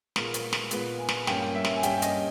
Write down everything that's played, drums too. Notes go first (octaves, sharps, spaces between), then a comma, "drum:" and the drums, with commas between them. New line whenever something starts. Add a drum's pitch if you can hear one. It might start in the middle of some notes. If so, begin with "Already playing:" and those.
A#2 G#3 B3 A#4, drum: snare
drum: hi-hat
drum: snare
A#2 G#3 B3 B4, drum: hi-hat
G#5
drum: snare
G2 G3 A#3 C#4 G5, drum: snare
E5
drum: snare
G#5
G2 G3 A#3 C#4 G5, drum: hi-hat
D#5, drum: hi-hat